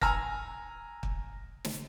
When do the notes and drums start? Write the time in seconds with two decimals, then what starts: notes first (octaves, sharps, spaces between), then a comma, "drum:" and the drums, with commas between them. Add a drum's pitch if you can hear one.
0.01 G#5 A#5 E6 F6 A#6, drum: kick
1.03 drum: kick
1.65 drum: snare